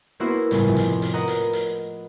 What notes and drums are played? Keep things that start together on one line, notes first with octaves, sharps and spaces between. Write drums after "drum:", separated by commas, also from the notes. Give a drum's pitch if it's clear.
A#3 B3 C#4 E4 F#4 C5
G1 A2 C#3 G#5 A6, drum: hi-hat
F2 C3 F3
drum: hi-hat
drum: hi-hat
A#4 B4 D#5 F#5 A#5
drum: hi-hat
drum: hi-hat